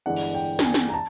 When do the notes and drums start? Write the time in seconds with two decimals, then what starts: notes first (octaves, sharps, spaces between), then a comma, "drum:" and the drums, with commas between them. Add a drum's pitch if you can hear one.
0.06 G1 G2 E3 G#3 F#5
0.16 drum: cymbal
0.34 G5
0.59 G5, drum: snare
0.64 G#5
0.74 drum: snare
0.89 A#5
0.94 A5